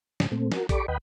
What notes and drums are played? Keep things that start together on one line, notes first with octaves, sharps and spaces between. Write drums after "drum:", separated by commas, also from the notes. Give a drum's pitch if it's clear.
G#2 C#3, drum: snare
A#2 A3 C4
F#4 A#4, drum: snare
G4 A4 D5 B5 C#6 D6, drum: kick, hi-hat
D#2 B4 D#5 F#5 G5 B5